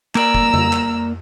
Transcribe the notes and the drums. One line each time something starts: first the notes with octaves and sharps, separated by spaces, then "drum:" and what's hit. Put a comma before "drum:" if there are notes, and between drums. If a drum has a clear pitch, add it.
A#3 A#4 D5 A#5 E6, drum: clap
drum: kick
drum: tom
drum: clap